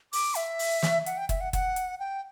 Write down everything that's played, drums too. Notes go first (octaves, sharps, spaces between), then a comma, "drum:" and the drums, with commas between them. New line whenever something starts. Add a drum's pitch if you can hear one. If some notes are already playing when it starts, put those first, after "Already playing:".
D6, drum: open hi-hat
E5, drum: hi-hat
drum: open hi-hat
drum: snare
F#5, drum: hi-hat
G5
E5, drum: kick, hi-hat
F#5
F#5, drum: kick, hi-hat
drum: hi-hat
G5